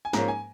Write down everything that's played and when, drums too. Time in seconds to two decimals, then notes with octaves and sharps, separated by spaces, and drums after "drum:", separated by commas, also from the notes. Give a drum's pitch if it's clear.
0.05 G#5
0.13 G#2 F3 A#3 C#4 A#5, drum: snare
0.28 G#5